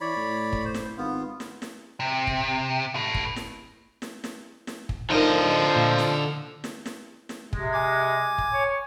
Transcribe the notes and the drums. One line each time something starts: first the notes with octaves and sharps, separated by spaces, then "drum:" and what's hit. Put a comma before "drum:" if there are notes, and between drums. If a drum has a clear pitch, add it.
E3 C#5 D5 B5
A2
drum: kick
C5
drum: snare
G#1 B3 F4
drum: snare
drum: snare
C3
drum: kick
A4 B4
drum: kick
drum: snare
drum: snare
drum: snare
drum: snare
drum: kick
D3 F3 D#4 A#4 D#5
A#2 F4
drum: snare
drum: snare
drum: snare
drum: snare
C3 G#3, drum: kick
G#5 D6 G#6
drum: kick
C#5